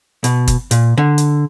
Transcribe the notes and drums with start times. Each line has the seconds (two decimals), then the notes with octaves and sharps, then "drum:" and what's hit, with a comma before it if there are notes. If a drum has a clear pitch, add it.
0.24 B2, drum: hi-hat
0.47 drum: kick, hi-hat
0.71 A#2, drum: hi-hat
0.97 D3
1.18 drum: hi-hat